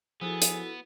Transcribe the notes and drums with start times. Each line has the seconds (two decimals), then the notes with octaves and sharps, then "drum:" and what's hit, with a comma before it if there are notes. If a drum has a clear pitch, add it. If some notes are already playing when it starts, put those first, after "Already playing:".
0.21 F3 B3 E4 F#4 G#4 A4
0.42 drum: hi-hat